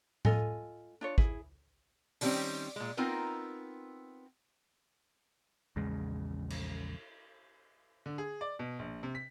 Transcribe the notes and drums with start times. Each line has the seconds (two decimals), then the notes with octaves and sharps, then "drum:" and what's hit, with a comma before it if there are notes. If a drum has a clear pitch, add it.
0.25 F4 A4 D#5 G#5, drum: tom A2
1.01 D4 F4 C#5
1.18 E4 G#4, drum: kick
2.21 D3 D#3 G3 G#3 C4 C#4, drum: open hi-hat
2.76 A#2 G#3
2.97 B3 C4 D#4 F4 A#4
5.76 A#1 E2 C#3 G#3
6.50 drum: cymbal
8.06 D3
8.18 G#4
8.41 D5
8.59 B2
8.79 A#1
9.03 C3
9.15 B6